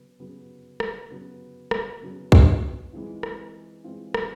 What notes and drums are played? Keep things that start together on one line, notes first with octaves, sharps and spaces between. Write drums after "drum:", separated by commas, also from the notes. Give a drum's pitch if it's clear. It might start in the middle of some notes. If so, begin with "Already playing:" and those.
Already playing: C#3 F#3 B3
C#3 F#3 B3
drum: rim click
C#3 F#3 B3
drum: rim click
C#3 F#3 B3
drum: kick
E3 G#3 C4 F4
drum: rim click
E3 G#3 C4 F4
drum: rim click